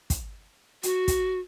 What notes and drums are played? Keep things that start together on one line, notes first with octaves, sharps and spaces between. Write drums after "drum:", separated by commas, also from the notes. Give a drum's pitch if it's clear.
drum: kick, hi-hat
F#4, drum: hi-hat
drum: kick, hi-hat